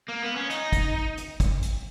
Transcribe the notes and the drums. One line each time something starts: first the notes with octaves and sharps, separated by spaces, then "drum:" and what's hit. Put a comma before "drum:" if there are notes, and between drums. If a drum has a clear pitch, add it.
A#3
B3
C#4
D#4, drum: hi-hat
drum: kick, hi-hat
drum: hi-hat
drum: kick, hi-hat
drum: hi-hat